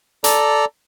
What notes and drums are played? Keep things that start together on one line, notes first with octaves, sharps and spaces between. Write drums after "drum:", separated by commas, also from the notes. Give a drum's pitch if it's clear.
A4 D5 A#5, drum: hi-hat